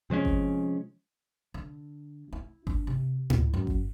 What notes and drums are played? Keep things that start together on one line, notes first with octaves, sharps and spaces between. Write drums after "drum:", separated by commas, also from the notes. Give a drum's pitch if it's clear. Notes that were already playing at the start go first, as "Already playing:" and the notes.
C3 F3 G#3 C#4
drum: kick G1
D3
E4
D4, drum: kick G1
C3
E4, drum: tom A2
F#2
drum: kick G1